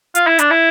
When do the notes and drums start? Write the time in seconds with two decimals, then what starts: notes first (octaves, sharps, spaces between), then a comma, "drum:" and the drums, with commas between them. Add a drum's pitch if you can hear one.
0.15 F4, drum: hi-hat
0.27 E4
0.39 D4, drum: hi-hat
0.50 E4